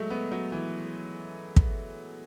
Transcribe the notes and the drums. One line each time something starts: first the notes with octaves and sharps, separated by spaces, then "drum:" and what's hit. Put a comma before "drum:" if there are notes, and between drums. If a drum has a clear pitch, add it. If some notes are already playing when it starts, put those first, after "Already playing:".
Already playing: F#3 G#3 A3
B3
F#3
E3
drum: kick